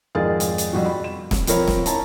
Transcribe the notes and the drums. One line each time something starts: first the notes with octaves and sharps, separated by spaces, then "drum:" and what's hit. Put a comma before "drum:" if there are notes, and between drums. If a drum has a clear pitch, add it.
G#1 F2 G#4 A#4 F5 A6
drum: hi-hat
drum: hi-hat
F2 G3 F#4
B5
E7
drum: snare
F3 C4 F4 A#4 C#5 B5, drum: hi-hat
drum: snare
E4 C#5 A5 A#5, drum: hi-hat